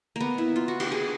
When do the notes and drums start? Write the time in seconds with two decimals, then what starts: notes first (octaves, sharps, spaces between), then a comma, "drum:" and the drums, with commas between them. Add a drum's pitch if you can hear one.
0.16 A#3 B3
0.38 E4
0.56 F4
0.68 F#4
0.80 G4, drum: cymbal
0.92 G#4